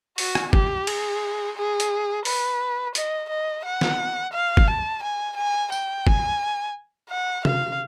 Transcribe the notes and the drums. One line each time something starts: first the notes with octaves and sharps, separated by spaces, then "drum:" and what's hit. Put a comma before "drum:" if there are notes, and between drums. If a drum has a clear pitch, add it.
F#4, drum: open hi-hat
drum: rim click
G4, drum: kick
G#4, drum: cymbal
G#4
drum: hi-hat
B4, drum: open hi-hat
D#5, drum: hi-hat
D#5
F#5
drum: snare
F5
drum: kick
A5
G#5
G#5
G5, drum: tambourine
G#5, drum: kick
F#5
F5, drum: tom C3